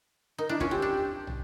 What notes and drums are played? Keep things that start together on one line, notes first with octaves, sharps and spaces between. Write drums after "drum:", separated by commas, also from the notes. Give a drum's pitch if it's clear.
D#4 A#4
D4 E4
C#4 F4, drum: kick
C4 G4
D4
drum: tom